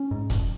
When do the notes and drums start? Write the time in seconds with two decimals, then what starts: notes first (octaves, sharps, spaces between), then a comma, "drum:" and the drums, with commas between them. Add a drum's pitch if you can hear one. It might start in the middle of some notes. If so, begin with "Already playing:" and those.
Already playing: C#4
0.11 G#2
0.30 F1, drum: kick, hi-hat